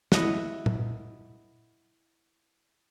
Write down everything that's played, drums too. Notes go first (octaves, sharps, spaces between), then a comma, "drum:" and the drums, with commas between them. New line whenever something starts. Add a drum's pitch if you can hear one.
E4 D#5 F#5, drum: snare
drum: tom